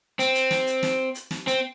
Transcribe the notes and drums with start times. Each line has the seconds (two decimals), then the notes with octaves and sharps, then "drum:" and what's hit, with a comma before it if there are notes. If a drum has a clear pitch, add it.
0.19 C4, drum: hi-hat
0.35 drum: hi-hat
0.51 drum: snare
0.67 drum: hi-hat
0.83 drum: snare
1.15 drum: hi-hat
1.31 drum: snare
1.47 C4, drum: hi-hat